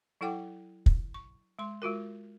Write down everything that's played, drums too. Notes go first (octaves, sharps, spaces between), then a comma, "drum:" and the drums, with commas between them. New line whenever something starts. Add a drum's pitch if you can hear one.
F#3 E4 A4 F#5 G5 D6
drum: kick
C#6
G#3 C6
G#3 F4 F#4 A#4